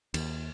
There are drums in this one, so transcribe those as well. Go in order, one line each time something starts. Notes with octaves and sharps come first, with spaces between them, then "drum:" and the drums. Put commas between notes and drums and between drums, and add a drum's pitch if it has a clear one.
D#2, drum: cymbal